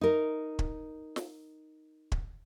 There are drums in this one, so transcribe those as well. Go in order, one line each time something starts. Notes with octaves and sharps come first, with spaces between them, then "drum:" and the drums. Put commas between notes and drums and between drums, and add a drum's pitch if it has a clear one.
D#4 A#4
drum: kick
drum: snare
drum: kick